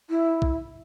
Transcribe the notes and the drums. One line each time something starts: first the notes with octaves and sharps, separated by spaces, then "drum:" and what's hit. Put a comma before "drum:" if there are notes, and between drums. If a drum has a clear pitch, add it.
E4
drum: kick A#1